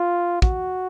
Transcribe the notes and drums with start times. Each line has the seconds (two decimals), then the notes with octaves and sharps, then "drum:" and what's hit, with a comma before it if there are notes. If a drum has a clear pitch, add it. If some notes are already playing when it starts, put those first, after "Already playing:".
Already playing: F4
0.42 F#4, drum: kick